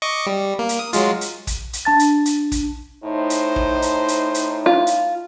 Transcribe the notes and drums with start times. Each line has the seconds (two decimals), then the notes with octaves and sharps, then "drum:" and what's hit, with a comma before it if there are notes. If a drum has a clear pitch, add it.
0.02 D#5 C#6 D6
0.26 G3
0.59 A#3
0.69 drum: hi-hat
0.79 D#6
0.93 F#3 G#3 F4, drum: hi-hat
1.21 drum: hi-hat
1.47 drum: kick, hi-hat
1.73 drum: hi-hat
1.85 D4 A5 A6
1.99 drum: hi-hat
2.26 drum: hi-hat
2.52 drum: kick, hi-hat
3.04 A2 D#4 C5
3.30 drum: hi-hat
3.56 drum: kick
3.82 drum: hi-hat
4.08 drum: hi-hat
4.34 drum: hi-hat
4.66 F4
4.87 drum: hi-hat